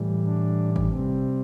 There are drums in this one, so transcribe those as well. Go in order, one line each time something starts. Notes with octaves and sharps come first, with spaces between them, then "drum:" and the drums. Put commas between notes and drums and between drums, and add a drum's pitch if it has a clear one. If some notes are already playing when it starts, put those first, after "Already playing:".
Already playing: A2 E3 G3
D4
drum: kick G#1
C3 G3 C4